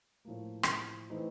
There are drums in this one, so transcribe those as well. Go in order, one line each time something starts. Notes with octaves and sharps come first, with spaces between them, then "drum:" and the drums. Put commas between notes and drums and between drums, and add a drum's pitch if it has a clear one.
A2 F3 A#3
drum: rim click
E3 A3 C4 D#4